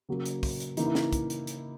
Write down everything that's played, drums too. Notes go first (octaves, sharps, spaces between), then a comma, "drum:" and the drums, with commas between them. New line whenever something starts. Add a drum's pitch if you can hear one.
C#3 F#3 A#3
drum: hi-hat
drum: kick, open hi-hat
drum: hi-hat
C#3 E3 A#3 D#4, drum: hi-hat
E4
drum: snare
drum: kick, hi-hat
drum: hi-hat
drum: hi-hat